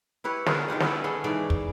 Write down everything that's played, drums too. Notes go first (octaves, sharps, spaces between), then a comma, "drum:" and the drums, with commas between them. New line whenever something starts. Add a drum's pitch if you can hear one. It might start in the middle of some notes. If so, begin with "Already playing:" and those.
E4 G4 B4 C#5
D3 F4 G#4 A#4, drum: snare
D#3 F4 G4 F#5
B3 C#4 E4 D5, drum: snare
B3 C#4 G#4 A4
G#2 C#3 E3 D5
drum: kick